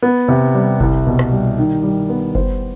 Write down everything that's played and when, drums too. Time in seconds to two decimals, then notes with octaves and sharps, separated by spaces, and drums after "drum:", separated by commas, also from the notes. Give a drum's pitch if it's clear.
0.02 B3
0.28 C3
0.55 G3
0.80 C2, drum: kick F#1
1.07 B2
1.19 drum: rim click
1.32 G3
1.58 D#3
1.83 G3
2.09 B3
2.35 C5, drum: kick F#1